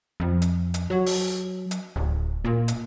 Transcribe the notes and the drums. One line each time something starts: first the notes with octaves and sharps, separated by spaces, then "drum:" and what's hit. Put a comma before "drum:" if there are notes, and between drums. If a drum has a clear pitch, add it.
F2
drum: hi-hat
drum: hi-hat
F#3
drum: open hi-hat
drum: hi-hat
D1
A#2
drum: hi-hat